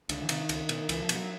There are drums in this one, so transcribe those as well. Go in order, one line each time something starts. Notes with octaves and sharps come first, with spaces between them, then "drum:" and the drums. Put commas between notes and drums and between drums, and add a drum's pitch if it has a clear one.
C#2 D3, drum: cymbal
E3
C3 D#3, drum: cymbal
C#2, drum: cymbal
B2, drum: cymbal
C#2 E3, drum: cymbal
F3
B2, drum: cymbal
F#3